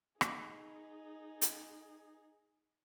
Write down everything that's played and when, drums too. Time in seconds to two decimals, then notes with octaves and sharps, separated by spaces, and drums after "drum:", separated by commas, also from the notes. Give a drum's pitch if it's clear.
0.21 D#4 G#4, drum: rim click
1.42 drum: hi-hat